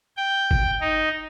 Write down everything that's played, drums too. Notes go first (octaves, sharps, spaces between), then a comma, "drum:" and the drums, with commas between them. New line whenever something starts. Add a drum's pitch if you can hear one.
G5
drum: kick F#1
D#4